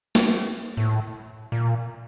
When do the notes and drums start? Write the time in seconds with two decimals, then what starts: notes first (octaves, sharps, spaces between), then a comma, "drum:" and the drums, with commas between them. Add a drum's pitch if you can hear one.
0.15 drum: snare
0.77 A2
1.52 A#2